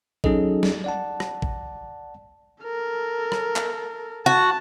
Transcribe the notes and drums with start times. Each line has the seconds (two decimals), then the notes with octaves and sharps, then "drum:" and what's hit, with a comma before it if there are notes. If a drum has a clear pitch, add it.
0.24 F#3 C#4 D#4 G#4 A4 D#5, drum: kick G#1
0.63 drum: snare
0.84 D5 F#5 A5
1.20 drum: rim click
1.42 drum: kick G#1
2.64 A4 A#4
3.32 drum: rim click
3.56 drum: clap
4.26 F#4 A5